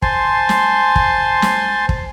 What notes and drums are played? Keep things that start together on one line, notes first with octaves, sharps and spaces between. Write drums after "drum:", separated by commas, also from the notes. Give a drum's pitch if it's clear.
C5 G#5 A5 C6, drum: kick
drum: snare
drum: kick
drum: snare
drum: kick